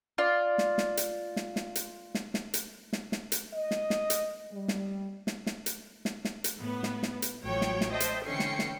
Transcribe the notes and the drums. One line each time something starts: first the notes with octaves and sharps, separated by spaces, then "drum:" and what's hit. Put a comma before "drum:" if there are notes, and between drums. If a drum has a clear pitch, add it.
F4 D5
drum: snare
drum: snare
drum: hi-hat
drum: snare
drum: snare
drum: hi-hat
drum: snare
drum: snare
drum: hi-hat
drum: snare
drum: snare
drum: hi-hat
D#5
drum: snare
drum: snare
drum: hi-hat
G3
drum: snare
drum: snare
drum: snare
drum: hi-hat
drum: snare
drum: snare
drum: hi-hat
A2 B3
drum: snare
drum: snare
drum: hi-hat
A1 A2 F3 F#3 C#5 G5
drum: snare
drum: snare
C5 D#5 E5 G5 A5
drum: hi-hat
D3 E3 C#4 G5 C7 C#7
drum: snare
drum: snare